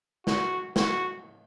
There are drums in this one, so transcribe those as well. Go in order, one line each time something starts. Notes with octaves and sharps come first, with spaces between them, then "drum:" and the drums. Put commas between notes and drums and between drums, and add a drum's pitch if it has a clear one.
F#4, drum: snare
F#4, drum: snare